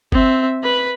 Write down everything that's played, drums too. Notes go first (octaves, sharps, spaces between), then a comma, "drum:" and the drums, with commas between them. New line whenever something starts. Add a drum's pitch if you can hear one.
C4 E5, drum: kick G1
B4 B5